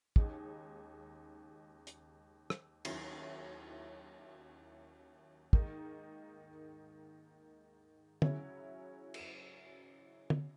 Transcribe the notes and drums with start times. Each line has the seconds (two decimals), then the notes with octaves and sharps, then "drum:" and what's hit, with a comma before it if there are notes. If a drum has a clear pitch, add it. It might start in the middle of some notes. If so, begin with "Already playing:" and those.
0.16 D#2 C#3 G#3 D#4, drum: kick
1.87 drum: hi-hat
2.50 drum: rim click
2.85 D#2 D#3 F#3 C#4 E4, drum: cymbal
5.53 G#2 D#3 A#3 D#4, drum: kick
8.22 C#3 F#3 C#4 E4, drum: tom
9.14 drum: cymbal
10.30 drum: tom